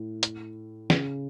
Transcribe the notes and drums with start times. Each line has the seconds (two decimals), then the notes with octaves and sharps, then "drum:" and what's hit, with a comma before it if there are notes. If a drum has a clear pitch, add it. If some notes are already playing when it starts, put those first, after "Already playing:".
Already playing: A2
0.23 drum: hi-hat
0.90 C#3, drum: snare